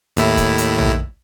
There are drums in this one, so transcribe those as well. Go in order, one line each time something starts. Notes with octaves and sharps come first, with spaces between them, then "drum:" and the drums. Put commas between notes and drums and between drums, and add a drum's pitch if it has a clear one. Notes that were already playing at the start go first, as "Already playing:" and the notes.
D#2 A2 E4, drum: hi-hat
drum: kick D#1, hi-hat
drum: hi-hat
drum: tom A#1